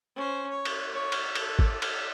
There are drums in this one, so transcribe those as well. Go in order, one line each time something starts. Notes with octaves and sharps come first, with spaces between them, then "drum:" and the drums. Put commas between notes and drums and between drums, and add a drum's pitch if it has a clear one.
C#4 C5
C#5
drum: cymbal
C#5
drum: cymbal
A4, drum: cymbal
drum: kick
drum: cymbal